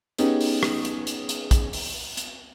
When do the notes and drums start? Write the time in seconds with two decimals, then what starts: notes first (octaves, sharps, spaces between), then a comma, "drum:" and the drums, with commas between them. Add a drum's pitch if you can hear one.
0.18 B3 C#4 D#4 G4 G#4, drum: hi-hat
0.41 drum: open hi-hat
0.63 drum: rim click
0.85 drum: hi-hat
1.07 drum: hi-hat
1.29 drum: hi-hat
1.51 drum: kick, hi-hat
1.73 drum: open hi-hat
2.17 drum: hi-hat